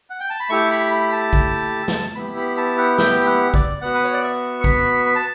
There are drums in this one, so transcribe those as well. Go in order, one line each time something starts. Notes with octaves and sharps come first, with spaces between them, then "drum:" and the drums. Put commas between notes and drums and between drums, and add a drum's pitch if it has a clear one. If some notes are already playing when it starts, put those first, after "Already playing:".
F#5
G5
A5
B5
A3 E4 G4 C#6
B5
B5
A5
drum: kick
drum: snare
B3 E4 G4 B5
B5
A5
F#5
G5, drum: snare
F#5
D5, drum: kick
B3 F#4 F#5
B4
C#5
D5
E5
C#6
B5, drum: kick
B5
A5